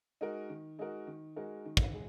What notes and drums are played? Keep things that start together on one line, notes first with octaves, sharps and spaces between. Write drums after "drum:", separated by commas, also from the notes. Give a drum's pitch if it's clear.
G#3 D#4 F#4 A#4
D#3
G#3 D#4 F#4 A#4
D#3
G#3 D#4 F#4 A#4
D#3
drum: kick
G#3